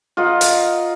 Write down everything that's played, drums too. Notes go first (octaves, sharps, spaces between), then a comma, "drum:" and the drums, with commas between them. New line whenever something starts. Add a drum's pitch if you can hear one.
F4 A#4 D#5 F#5
drum: hi-hat